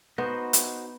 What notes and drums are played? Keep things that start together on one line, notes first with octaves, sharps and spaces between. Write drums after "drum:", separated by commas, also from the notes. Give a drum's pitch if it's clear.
B3 D#4 F#4 C5
drum: hi-hat